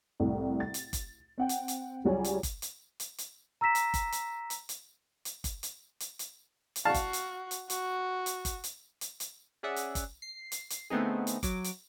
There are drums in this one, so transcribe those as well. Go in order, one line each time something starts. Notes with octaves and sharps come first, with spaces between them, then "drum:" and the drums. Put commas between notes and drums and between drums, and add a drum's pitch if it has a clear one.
C2 A2
A6
drum: hi-hat
drum: kick G1, hi-hat
C4 F#5 G5
drum: hi-hat
drum: hi-hat
C#2 F#3 G3 C#5 G#5
drum: hi-hat
drum: kick G1, hi-hat
drum: hi-hat
drum: hi-hat
drum: hi-hat
A#5 E6 A#6 B6 E7
drum: hi-hat
drum: kick G1, hi-hat
drum: hi-hat
drum: hi-hat
drum: hi-hat
drum: hi-hat
drum: kick G1, hi-hat
drum: hi-hat
drum: hi-hat
drum: hi-hat
drum: hi-hat
F#4 F5 A5
drum: kick G1, hi-hat
drum: hi-hat
drum: hi-hat
F#4, drum: hi-hat
drum: hi-hat
drum: kick G1, hi-hat
drum: hi-hat
drum: hi-hat
drum: hi-hat
C#4 G#4 D5 E5 F#5
drum: hi-hat
drum: kick G1, hi-hat
C7
drum: hi-hat
drum: hi-hat
D3 A3 B3 C4 D#4 G#4
drum: hi-hat
F#3 D6, drum: kick G1, hi-hat
drum: hi-hat